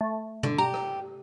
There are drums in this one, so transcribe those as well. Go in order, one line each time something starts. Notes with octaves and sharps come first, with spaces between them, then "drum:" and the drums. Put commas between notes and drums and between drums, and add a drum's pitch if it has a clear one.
A3
D3, drum: tom B2
G4 A#5
drum: rim click